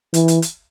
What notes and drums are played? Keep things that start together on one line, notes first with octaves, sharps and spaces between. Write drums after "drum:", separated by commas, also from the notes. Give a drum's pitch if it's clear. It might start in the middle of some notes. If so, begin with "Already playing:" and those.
E3, drum: hi-hat
drum: hi-hat
drum: hi-hat